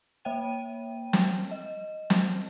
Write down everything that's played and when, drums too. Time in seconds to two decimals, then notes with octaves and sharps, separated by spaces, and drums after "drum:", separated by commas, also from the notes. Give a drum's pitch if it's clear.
0.25 A#3 C#5 E5 G5 D#7
1.13 drum: snare
1.51 D#5
2.10 drum: snare